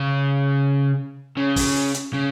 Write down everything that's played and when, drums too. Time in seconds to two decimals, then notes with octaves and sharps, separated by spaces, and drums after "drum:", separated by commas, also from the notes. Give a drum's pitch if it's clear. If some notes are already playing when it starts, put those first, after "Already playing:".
Already playing: C#3
1.37 C#3
1.56 drum: kick, open hi-hat
1.95 drum: hi-hat
2.13 C#3